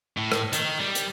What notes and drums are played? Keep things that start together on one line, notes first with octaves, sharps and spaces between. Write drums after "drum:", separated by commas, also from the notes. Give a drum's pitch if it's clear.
A2
drum: rim click
D#3, drum: hi-hat
G3
drum: hi-hat